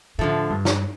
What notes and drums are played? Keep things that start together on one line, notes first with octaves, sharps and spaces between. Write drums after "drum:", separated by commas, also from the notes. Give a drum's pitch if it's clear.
A2 D3 F3 A3
G2
drum: snare